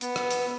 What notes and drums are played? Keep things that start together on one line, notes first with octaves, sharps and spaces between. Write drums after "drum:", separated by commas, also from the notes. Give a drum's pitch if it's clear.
B3, drum: hi-hat
drum: rim click
drum: hi-hat